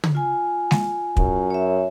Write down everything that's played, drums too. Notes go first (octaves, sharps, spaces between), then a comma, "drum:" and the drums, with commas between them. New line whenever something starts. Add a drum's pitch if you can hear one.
drum: tom
F4 G#5
drum: snare G#3
F#2, drum: kick
C#5 E5